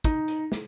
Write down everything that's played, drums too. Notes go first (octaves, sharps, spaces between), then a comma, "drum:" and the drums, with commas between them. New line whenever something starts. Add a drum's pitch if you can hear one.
D#4, drum: kick, hi-hat
drum: hi-hat
drum: snare